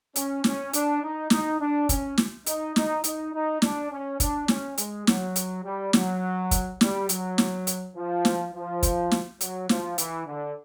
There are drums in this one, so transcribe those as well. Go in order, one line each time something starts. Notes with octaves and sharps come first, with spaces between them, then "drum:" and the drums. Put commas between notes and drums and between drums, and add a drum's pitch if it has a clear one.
C#4, drum: hi-hat
C#4, drum: snare
D4, drum: hi-hat
D#4
D#4, drum: snare
D4
C#4, drum: kick, hi-hat
drum: snare
D#4, drum: hi-hat
D#4, drum: snare
D#4, drum: hi-hat
D#4
D4, drum: snare
C#4
D4, drum: kick, hi-hat
C#4, drum: snare
G#3, drum: hi-hat
F#3, drum: snare
drum: hi-hat
G3
F#3, drum: snare
drum: kick, hi-hat
G3, drum: snare
F#3, drum: hi-hat
drum: snare
drum: hi-hat
F3
drum: snare
F3
drum: kick, hi-hat
drum: snare
F#3, drum: hi-hat
F3, drum: snare
E3, drum: hi-hat
D3